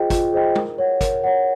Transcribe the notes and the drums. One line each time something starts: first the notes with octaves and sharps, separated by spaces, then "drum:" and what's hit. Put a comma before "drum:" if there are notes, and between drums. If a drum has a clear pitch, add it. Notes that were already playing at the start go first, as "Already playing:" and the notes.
Already playing: F4 G#4 C5 D#5 G5
F4, drum: kick, hi-hat
G#4 C5 D#5 G5
A#4, drum: tom
C#5 F#5
A#4, drum: kick, hi-hat
C#5 F#5